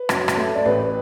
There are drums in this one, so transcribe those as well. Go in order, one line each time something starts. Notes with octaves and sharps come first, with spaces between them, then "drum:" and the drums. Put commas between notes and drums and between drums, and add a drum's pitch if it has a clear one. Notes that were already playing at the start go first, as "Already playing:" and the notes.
Already playing: B4
F#2, drum: rim click
drum: rim click
A3
D5
A1 B4